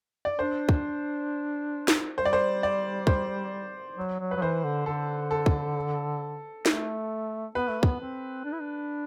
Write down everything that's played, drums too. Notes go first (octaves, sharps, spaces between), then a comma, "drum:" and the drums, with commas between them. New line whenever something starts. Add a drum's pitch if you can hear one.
D5
D4 C5
drum: kick
drum: snare
G3 C5
D5
C5
D5
C5, drum: kick
F#3
F#3
B4
F#3
E3 C5
D3
D3 A4
A4
drum: kick
A3, drum: snare
B3 B4
A3
B3, drum: kick
C4
D4
E4
D4